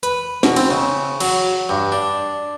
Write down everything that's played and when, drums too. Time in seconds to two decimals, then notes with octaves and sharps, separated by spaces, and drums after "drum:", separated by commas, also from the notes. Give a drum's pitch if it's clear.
0.03 B4, drum: hi-hat
0.43 B2, drum: snare
0.56 C4, drum: cymbal
0.71 C#3
1.20 F#3, drum: cymbal
1.69 G2
1.92 D4